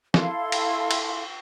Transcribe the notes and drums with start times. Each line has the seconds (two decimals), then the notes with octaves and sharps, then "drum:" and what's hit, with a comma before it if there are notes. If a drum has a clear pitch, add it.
0.14 E4 A4 F5 C6, drum: snare
0.52 drum: cymbal
0.91 drum: cymbal